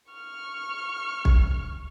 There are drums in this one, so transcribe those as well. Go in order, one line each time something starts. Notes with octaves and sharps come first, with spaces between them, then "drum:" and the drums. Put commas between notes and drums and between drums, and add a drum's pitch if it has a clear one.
C#6 F6
drum: kick